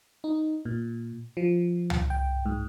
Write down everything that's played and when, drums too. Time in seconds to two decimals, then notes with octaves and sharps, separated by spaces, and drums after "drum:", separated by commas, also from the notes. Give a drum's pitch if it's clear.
0.24 D#4
0.65 A#2
1.37 F3
1.90 drum: tom C#2
2.10 G5
2.46 G#2